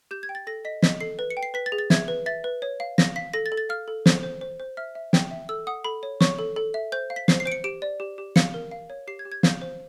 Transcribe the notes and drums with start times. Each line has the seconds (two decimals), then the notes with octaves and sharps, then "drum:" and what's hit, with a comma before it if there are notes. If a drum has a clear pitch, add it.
0.11 G4 G6
0.23 G#6
0.29 G5
0.35 A6
0.47 A4 A#6
0.65 D#5 B6
0.83 D#5 B6, drum: snare
1.00 A4 C7
1.19 B4
1.30 C#7
1.37 G5
1.43 C7
1.54 B4 B6
1.66 A6
1.72 G#4
1.78 A6
1.90 E5 G#6, drum: snare
2.08 B4
2.26 E5 A6
2.44 B4
2.62 C#5
2.80 F5
2.98 F5 A#6, drum: snare
3.16 F5 B6
3.33 A4 A#6
3.46 A6
3.52 A4
3.57 A6
3.69 F5 F6
3.88 A4
4.06 C5, drum: snare
4.23 C5
4.41 C5
4.60 C5
4.77 E5 F6
4.95 E5
5.13 G5, drum: snare
5.31 E5
5.49 A4 E6
5.67 F#5 D#6
5.84 A4 B5
6.03 C#5
6.21 C#5 C#6, drum: snare
6.39 A4
6.56 A4
6.74 E5
6.92 C5 G6
7.10 F5
7.16 B6
7.28 C5 C7, drum: snare
7.40 C7
7.46 C5 D7
7.52 C#7
7.64 G4 D7
7.82 D5
8.00 G4
8.18 G4
8.36 F5 C#7, drum: snare
8.54 A#4
8.71 F5
8.90 C#5
9.08 G4 C7
9.19 G#6
9.25 G4
9.32 G#6
9.43 F5 G6, drum: snare
9.62 C5